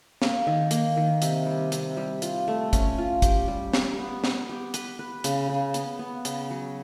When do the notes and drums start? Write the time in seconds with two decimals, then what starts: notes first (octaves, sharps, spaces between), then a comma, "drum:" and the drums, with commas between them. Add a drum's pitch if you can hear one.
0.22 A#3, drum: snare
0.47 D#3
0.71 A#3, drum: hi-hat
0.97 D#3
1.22 C3, drum: hi-hat
1.46 G3
1.72 C3, drum: hi-hat
1.97 G3
2.22 F4, drum: hi-hat
2.48 A3
2.73 C#4, drum: kick, hi-hat
2.98 F4
3.22 G4, drum: kick, hi-hat
3.48 G3
3.73 G4, drum: snare
3.98 B3
4.24 B3, drum: snare
4.49 G4
4.74 B4, drum: hi-hat
4.99 B4
5.24 C#3, drum: hi-hat
5.49 C#3
5.74 B3, drum: hi-hat
5.99 B3
6.25 C#3, drum: hi-hat
6.50 F#3